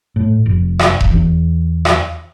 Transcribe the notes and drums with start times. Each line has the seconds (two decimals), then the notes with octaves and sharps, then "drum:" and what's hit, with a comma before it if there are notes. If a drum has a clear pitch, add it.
0.16 A2
0.46 F1
0.79 drum: rim click
1.01 drum: kick E1
1.10 E2
1.85 drum: rim click